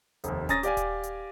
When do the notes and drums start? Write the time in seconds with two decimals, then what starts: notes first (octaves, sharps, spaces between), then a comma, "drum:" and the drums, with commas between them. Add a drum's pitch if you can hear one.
0.24 F1 D#2, drum: hi-hat
0.49 C#4 A#5 D#6 A6 A#6, drum: kick D#1, hi-hat
0.63 G4 D5 F5 G#5, drum: hi-hat
0.77 drum: kick D#1, hi-hat
1.03 drum: hi-hat